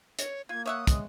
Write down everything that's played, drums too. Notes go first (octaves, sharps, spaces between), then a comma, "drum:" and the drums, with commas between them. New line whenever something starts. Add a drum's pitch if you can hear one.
C#5, drum: hi-hat
A#3 F4 G#6
C#5 E5 F#5 D#6
G#3, drum: kick, hi-hat